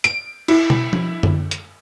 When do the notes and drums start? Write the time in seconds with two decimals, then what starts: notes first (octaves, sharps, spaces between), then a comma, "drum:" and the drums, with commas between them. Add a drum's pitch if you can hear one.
0.04 D7, drum: hi-hat
0.48 E4, drum: cymbal
0.70 drum: tom
0.93 drum: tom F3
1.23 drum: tom
1.51 drum: hi-hat